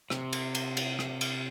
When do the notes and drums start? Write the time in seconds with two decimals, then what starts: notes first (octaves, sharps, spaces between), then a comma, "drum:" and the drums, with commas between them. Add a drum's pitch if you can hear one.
0.10 C3, drum: rim click
0.33 drum: cymbal
0.55 drum: cymbal
0.77 drum: cymbal
0.99 drum: rim click
1.21 drum: cymbal